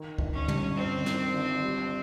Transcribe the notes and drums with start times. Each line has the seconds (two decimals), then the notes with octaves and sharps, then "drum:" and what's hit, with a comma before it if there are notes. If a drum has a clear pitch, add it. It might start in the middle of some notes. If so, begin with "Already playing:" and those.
Already playing: D#3
0.18 G1, drum: kick
0.33 C#4
0.48 G2, drum: tom
0.77 G1 C4
1.06 D#3, drum: snare
1.34 G1
1.64 G3